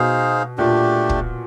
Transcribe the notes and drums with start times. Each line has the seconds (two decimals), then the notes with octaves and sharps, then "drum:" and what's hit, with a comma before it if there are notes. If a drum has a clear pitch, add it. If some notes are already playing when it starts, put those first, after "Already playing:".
Already playing: B2 D#4 G#4 C5 F5
0.58 A#2 A3 D4 G4
1.09 drum: kick